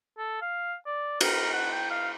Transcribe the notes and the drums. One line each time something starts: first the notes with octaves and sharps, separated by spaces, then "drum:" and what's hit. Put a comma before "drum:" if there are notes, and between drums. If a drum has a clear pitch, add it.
A4
F5
D5
A#4, drum: cymbal
F#5
G5
F5